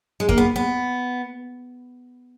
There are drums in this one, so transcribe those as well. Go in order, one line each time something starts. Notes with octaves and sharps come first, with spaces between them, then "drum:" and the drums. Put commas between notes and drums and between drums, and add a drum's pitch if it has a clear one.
G#3
A#3, drum: kick F2
B3
B3